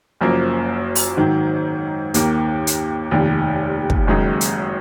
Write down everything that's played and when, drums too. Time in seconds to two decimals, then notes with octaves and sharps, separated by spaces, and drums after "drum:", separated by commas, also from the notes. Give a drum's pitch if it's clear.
0.21 F#1 F#2 F3 A#3
0.95 drum: open hi-hat
1.17 G#2 D#3 F#3
2.14 D#2 D#3 A#3, drum: hi-hat
2.67 drum: hi-hat
3.11 F1 D#2 D#3
3.90 drum: kick
4.07 F#1 F#2 D#3 G#3 D#4
4.41 drum: hi-hat